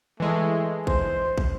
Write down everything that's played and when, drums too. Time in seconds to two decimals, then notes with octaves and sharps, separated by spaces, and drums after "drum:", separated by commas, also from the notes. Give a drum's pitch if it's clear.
0.20 E3 G#3 A3
0.87 C5, drum: kick
1.38 drum: kick